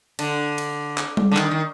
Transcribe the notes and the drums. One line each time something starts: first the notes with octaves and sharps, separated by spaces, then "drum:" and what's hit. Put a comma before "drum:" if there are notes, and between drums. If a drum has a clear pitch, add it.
D3, drum: cymbal
drum: cymbal
drum: clap
drum: tom G3
D3
D#3, drum: clap
D#3